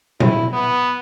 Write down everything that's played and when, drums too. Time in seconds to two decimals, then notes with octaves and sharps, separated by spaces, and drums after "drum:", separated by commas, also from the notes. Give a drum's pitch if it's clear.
0.20 E4, drum: tom A#2
0.53 B3